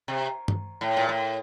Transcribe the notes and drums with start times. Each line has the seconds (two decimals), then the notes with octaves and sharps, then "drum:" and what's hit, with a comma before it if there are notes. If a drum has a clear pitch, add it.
0.08 C3
0.48 drum: tom G2
0.81 A2
0.97 A#2
1.09 A2